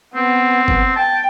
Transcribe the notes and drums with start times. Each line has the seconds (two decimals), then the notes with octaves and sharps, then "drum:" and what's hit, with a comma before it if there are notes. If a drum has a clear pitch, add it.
0.15 B3 C4
0.68 drum: kick
0.96 G5 A5